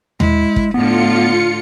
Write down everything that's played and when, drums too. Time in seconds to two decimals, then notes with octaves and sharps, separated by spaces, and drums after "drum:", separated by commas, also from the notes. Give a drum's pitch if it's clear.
0.20 G#3 E4, drum: tom D#2
0.56 drum: kick
0.74 A2 D3 B3 F4 C#7